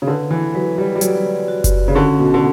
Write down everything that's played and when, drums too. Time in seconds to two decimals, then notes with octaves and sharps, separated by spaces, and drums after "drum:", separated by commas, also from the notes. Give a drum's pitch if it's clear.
0.02 C#3
0.07 D3 B4
0.31 E3
0.55 F#3 B4
0.78 G3
0.96 G3
1.01 F#3 D5, drum: hi-hat
1.48 F#4
1.64 drum: kick F#1, hi-hat
1.88 C#3
1.95 D3 C#4
2.19 B2
2.34 D3